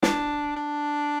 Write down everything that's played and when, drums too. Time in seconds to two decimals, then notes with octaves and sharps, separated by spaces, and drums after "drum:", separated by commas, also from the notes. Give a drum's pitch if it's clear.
0.03 D4, drum: snare
0.56 D4